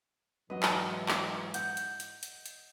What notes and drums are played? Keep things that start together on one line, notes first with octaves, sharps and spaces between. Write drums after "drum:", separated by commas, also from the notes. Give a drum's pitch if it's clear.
G#2 E3 F#3 B4 D#5
drum: clap
drum: clap
F#5 G6, drum: hi-hat
drum: hi-hat
drum: hi-hat
drum: hi-hat
drum: hi-hat